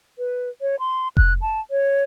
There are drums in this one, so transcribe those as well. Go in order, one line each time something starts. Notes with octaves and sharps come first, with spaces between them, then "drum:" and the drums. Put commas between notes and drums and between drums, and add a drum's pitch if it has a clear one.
B4
C#5
C6
F#6, drum: kick F1
A5
C#5